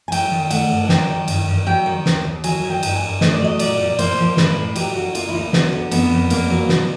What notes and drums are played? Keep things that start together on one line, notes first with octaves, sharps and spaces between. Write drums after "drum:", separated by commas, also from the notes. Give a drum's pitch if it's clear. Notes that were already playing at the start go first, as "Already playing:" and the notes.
G#5
F#3 G5, drum: cymbal
D#3
G5
A3 F#5, drum: cymbal
G2
F#5
F#3 G5, drum: snare
D#3
G2, drum: cymbal
G2
F#3 G5
D#3
D#2, drum: snare
D#2
F#3 G#5, drum: cymbal
D#3
G5
G2, drum: cymbal
G5
G#5
G2
A3 D#5, drum: snare
D5
F#3 D#5
A#2 D5, drum: cymbal
A#2
A#3 C5, drum: cymbal
F3
A2 B4, drum: snare
A2
F#3 G4, drum: cymbal
D3 F#4
A#3 F4, drum: cymbal
E4
D2 D#4
F#3 B3, drum: snare
D3
F2 B3, drum: cymbal
F2
A#3, drum: cymbal
F#3
B2, drum: snare